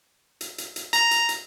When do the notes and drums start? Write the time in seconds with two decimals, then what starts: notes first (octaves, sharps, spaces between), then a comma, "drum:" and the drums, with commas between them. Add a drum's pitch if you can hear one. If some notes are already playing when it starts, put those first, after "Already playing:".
0.41 drum: hi-hat
0.58 drum: hi-hat
0.76 drum: hi-hat
0.93 A#5, drum: hi-hat
1.11 drum: hi-hat
1.29 drum: hi-hat